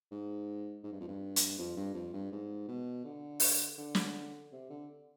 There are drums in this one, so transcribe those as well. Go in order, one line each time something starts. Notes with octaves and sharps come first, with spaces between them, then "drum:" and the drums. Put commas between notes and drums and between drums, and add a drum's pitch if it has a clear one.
G#2
G#2
G2
F2
G2
drum: hi-hat
F2
G2
F2
G2
G#2
B2
D3
drum: open hi-hat
D3
drum: snare
C3
D3